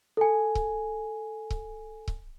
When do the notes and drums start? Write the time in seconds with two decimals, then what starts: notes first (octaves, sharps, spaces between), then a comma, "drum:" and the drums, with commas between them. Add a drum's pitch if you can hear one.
0.17 A4 G#5
0.55 drum: kick C#1
1.50 drum: kick C#1
2.08 drum: kick C#1